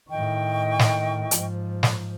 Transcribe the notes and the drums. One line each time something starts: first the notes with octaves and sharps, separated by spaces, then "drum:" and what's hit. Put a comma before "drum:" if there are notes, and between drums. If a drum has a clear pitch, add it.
A2 D#3 D#5 G5 C#6
drum: snare
G#2 F3, drum: hi-hat
drum: snare